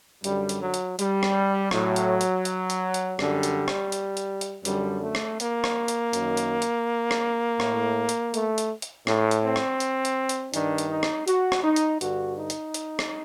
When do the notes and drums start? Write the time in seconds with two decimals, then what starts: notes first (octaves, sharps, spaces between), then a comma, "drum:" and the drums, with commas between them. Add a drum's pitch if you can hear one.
0.24 F#2 D3 G3, drum: hi-hat
0.49 drum: hi-hat
0.62 F#3
0.74 drum: hi-hat
0.99 G3, drum: hi-hat
1.23 drum: rim click
1.71 A2 F#3, drum: rim click
1.96 drum: hi-hat
2.21 drum: hi-hat
2.45 drum: hi-hat
2.70 drum: hi-hat
2.94 drum: hi-hat
3.19 F#2 D3 G3, drum: rim click
3.43 drum: hi-hat
3.68 drum: rim click
3.92 drum: hi-hat
4.17 drum: hi-hat
4.41 drum: hi-hat
4.65 F#2 D3 G3, drum: hi-hat
5.03 A3
5.15 drum: rim click
5.40 A#3, drum: hi-hat
5.64 drum: rim click
5.88 drum: hi-hat
6.13 F#2 D#3, drum: hi-hat
6.37 drum: hi-hat
6.62 drum: hi-hat
7.11 drum: rim click
7.60 A2, drum: rim click
8.09 drum: hi-hat
8.34 A3, drum: hi-hat
8.58 drum: hi-hat
8.82 drum: hi-hat
9.07 A2, drum: rim click
9.31 drum: hi-hat
9.43 C4
9.56 drum: rim click
9.80 drum: hi-hat
10.05 drum: hi-hat
10.29 drum: hi-hat
10.54 G2 D#3 D4, drum: hi-hat
10.78 drum: hi-hat
10.90 D#4
11.03 drum: rim click
11.28 F#4, drum: hi-hat
11.52 drum: rim click
11.64 D#4
11.76 drum: hi-hat
12.01 G2 D3 F#4, drum: hi-hat
12.38 D#4
12.50 drum: hi-hat
12.74 drum: hi-hat
12.99 drum: rim click